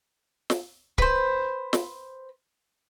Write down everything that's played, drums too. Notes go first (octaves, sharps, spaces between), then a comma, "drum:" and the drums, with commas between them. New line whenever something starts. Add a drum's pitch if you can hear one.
drum: snare
B4 C5, drum: kick C#1
drum: snare